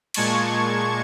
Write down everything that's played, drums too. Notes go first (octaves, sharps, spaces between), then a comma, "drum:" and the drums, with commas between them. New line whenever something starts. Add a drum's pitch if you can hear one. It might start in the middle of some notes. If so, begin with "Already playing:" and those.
A#2 G#3 A5 C#6 G#6, drum: cymbal